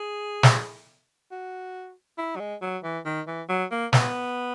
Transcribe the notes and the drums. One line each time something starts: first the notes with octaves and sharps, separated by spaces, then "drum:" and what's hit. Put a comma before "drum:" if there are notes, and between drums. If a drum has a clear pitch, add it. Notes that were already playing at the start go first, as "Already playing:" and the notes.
Already playing: G#4
drum: snare
F#4
E4
F#3
G#3
F#3
E3
D#3
E3
F#3
A#3
B3, drum: snare